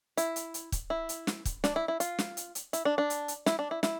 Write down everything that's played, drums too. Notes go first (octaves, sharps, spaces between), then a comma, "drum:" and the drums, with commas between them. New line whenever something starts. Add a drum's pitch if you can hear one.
E4, drum: hi-hat
drum: hi-hat
drum: hi-hat
drum: kick, hi-hat
E4
drum: hi-hat
drum: snare
drum: kick, hi-hat
D4, drum: snare
E4
E4
F4, drum: hi-hat
drum: snare
drum: hi-hat
drum: hi-hat
E4, drum: hi-hat
D4
D4
drum: hi-hat
drum: hi-hat
E4, drum: snare
D4
E4
E4, drum: snare